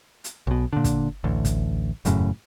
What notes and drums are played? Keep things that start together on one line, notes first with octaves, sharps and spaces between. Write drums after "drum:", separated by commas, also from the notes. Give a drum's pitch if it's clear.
drum: hi-hat
B1 B2
A#2 D3
drum: kick, hi-hat
A1 D2
drum: kick, hi-hat
E1 F#2 A2 C#3, drum: hi-hat